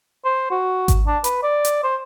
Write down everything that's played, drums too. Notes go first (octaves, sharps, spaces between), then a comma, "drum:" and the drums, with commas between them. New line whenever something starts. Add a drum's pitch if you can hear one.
C5
F#4
drum: kick G#1, hi-hat
D4
B4, drum: hi-hat
D5
drum: hi-hat
C5